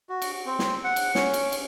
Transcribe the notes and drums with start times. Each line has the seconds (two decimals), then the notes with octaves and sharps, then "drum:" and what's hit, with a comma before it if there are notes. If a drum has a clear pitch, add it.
0.09 F#4
0.22 drum: cymbal
0.46 C4
0.59 drum: snare
0.84 F#5
0.96 drum: cymbal
1.15 C#4, drum: snare
1.34 drum: cymbal
1.52 drum: cymbal